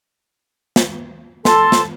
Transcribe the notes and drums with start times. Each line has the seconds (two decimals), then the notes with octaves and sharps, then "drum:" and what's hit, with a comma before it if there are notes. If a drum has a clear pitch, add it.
0.76 drum: snare
1.45 A4 A5 C6, drum: snare
1.72 drum: snare